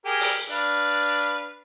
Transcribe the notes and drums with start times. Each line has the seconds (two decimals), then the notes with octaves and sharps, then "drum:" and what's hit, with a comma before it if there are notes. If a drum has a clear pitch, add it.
0.05 G4 G#4 A#4
0.21 drum: open hi-hat
0.50 D4 B4 F5